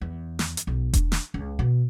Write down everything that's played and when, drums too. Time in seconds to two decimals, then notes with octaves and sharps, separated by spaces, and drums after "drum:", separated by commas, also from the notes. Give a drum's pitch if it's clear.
0.01 E2
0.39 drum: snare
0.57 drum: hi-hat
0.67 B1
0.93 D4, drum: kick E1, hi-hat
1.12 drum: snare
1.34 C#2
1.59 B2